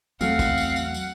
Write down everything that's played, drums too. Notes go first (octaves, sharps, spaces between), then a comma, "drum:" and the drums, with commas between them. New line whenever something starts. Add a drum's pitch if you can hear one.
E2 F#3 A3 C4 F5 F#5, drum: tambourine
drum: kick, tambourine
drum: tambourine
drum: tambourine
drum: tambourine